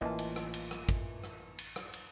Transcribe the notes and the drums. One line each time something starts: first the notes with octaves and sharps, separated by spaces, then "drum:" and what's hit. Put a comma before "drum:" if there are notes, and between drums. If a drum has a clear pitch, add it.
A1 A#2 E3 D#5 A5
drum: cymbal
drum: rim click
drum: cymbal
drum: rim click
drum: kick, cymbal
drum: rim click
drum: cymbal
drum: rim click
drum: cymbal